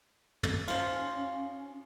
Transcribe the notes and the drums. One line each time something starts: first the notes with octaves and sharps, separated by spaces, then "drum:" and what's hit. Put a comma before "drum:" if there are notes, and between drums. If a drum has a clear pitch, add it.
drum: tom
F3 C#4 F4, drum: cymbal